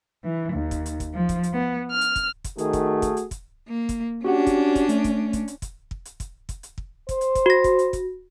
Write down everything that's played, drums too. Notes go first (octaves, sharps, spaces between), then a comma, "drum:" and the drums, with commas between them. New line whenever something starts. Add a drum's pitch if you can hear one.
E3
D#2
drum: kick, hi-hat
drum: hi-hat
drum: kick, hi-hat
F3
drum: kick, hi-hat
drum: hi-hat
B3
F6
drum: hi-hat
drum: kick, hi-hat
drum: kick, hi-hat
D#3 A3 F#4 G#4, drum: hi-hat
drum: kick, hi-hat
drum: kick, hi-hat
drum: hi-hat
drum: kick, hi-hat
A#3
drum: kick, hi-hat
C#4 D4 F#4 G4 F#5
drum: kick, hi-hat
drum: kick, hi-hat
A3, drum: hi-hat
drum: kick, hi-hat
drum: kick, hi-hat
drum: hi-hat
drum: kick, hi-hat
drum: kick
drum: hi-hat
drum: kick, hi-hat
drum: kick, hi-hat
drum: hi-hat
drum: kick
C5, drum: kick, hi-hat
drum: hi-hat
drum: kick, hi-hat
F#4 A#6
drum: kick, hi-hat
drum: hi-hat
drum: kick, hi-hat